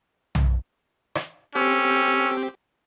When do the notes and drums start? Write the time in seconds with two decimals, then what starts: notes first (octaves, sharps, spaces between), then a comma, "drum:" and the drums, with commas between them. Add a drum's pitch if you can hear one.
0.35 drum: tom B1
1.15 drum: rim click
1.55 C4 C#4 G4 A4